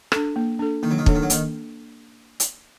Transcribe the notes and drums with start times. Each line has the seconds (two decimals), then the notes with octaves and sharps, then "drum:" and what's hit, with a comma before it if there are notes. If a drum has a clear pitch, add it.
0.12 D4 A4, drum: rim click
0.36 A#3
0.59 D4 A4
0.83 D#3 A#3
0.91 F#3
0.98 D#3
1.06 F#3 D4 A4, drum: kick
1.15 D#3
1.23 F#3
1.30 D#3 A#3, drum: hi-hat
2.40 drum: hi-hat